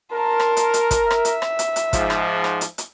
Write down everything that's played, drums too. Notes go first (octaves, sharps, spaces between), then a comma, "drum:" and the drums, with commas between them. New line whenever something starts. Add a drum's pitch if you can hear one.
A#4 A5 C6
drum: rim click
drum: hi-hat
drum: hi-hat
drum: kick, hi-hat
E5, drum: rim click
drum: hi-hat
drum: rim click
drum: hi-hat
drum: hi-hat
G#2 F3, drum: kick, hi-hat
drum: rim click
drum: rim click
drum: hi-hat
drum: hi-hat